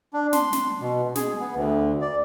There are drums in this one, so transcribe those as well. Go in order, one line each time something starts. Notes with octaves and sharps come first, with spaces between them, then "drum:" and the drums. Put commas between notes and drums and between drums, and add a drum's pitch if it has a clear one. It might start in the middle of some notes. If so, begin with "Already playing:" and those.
D4
C6, drum: snare
drum: snare
B2
G#4, drum: snare
B3
D2
D5